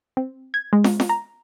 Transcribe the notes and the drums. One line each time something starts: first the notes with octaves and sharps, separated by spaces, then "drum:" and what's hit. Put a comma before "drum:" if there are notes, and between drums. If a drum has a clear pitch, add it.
C4
G#6
G#3
drum: snare
drum: snare
A#5